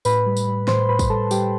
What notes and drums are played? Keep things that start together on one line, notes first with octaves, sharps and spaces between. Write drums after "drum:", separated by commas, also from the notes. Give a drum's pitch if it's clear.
A2 B4 B5, drum: tambourine
G3
drum: tambourine
G3
A2 C5 C6, drum: snare
A2 B4 B5
drum: kick, tambourine
G3 A4 A5
G3 G4 G5, drum: tambourine